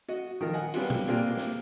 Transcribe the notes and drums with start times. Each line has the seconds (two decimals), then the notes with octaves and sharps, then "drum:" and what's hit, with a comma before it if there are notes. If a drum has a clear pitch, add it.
0.08 F#4 D#5
0.41 D#3 F3 A#4
0.53 D#5 F#5 G#5
0.74 F#3 G3 B3 C4 D4 F4, drum: cymbal
0.90 drum: tom A#2
1.08 A#3 C4 D4 F4 G4 G#4
1.38 drum: snare